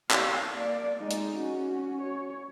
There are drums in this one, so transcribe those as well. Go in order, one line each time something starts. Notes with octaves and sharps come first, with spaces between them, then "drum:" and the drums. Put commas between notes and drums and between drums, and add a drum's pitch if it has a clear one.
F5, drum: clap
A#3 D5
G#3 D#4
drum: hi-hat
C#4 F#4
C#5